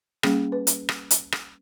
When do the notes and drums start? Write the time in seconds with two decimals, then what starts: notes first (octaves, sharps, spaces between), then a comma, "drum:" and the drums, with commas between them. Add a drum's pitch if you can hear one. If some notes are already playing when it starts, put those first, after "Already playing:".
0.23 G3 A#3 C#4 G#4, drum: rim click
0.52 B4
0.67 drum: hi-hat
0.89 drum: rim click
1.11 drum: hi-hat
1.32 drum: rim click